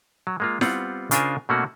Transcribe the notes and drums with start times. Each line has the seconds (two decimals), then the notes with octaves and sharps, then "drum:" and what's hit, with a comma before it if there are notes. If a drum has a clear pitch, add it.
0.27 F#3
0.40 G#3 A#3 F4
0.61 G3 B3 C4 F4 F#5, drum: snare E4
1.11 C#3 D4 F4 A#4 C5 G#5, drum: hi-hat
1.49 B2 A3 A#3 C#4 F#4